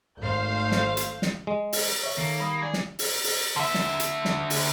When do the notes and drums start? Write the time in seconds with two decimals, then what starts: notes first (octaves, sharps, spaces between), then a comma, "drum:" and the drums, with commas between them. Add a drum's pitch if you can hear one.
0.20 G#1 A3 C5 F5 G6
0.72 drum: snare
0.97 drum: hi-hat
1.22 drum: snare
1.47 G#3
1.73 drum: open hi-hat
2.03 C#5 E5
2.18 D#3 A#3 A4
2.40 G3 B5 D#6
2.62 G#4 D5 G#6
2.73 drum: snare
2.99 drum: open hi-hat
3.24 drum: open hi-hat
3.56 D3 E5
3.74 drum: snare
4.00 drum: hi-hat
4.25 drum: snare
4.50 drum: open hi-hat